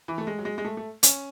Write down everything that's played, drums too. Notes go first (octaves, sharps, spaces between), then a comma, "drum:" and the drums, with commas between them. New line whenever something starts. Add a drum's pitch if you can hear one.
E3
A3
G#3
F#3
G#3
G#3
A3
A3
C#4, drum: hi-hat